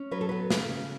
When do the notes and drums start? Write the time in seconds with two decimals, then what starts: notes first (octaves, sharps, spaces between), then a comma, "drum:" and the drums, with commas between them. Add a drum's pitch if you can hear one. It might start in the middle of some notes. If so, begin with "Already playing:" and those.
Already playing: C#4
0.11 F#3 B4
0.21 A4
0.29 B3 B4
0.50 C#3, drum: snare
0.69 C#3